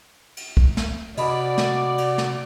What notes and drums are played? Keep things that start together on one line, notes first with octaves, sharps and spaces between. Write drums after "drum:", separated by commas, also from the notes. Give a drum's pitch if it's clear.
drum: cymbal
drum: kick
drum: snare
C3 F#4 D5 D#5 A5 B5, drum: cymbal
drum: snare
drum: cymbal
drum: snare